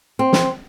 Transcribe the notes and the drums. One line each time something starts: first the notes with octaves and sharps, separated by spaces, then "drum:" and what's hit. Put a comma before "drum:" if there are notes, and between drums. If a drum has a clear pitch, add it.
C4
drum: snare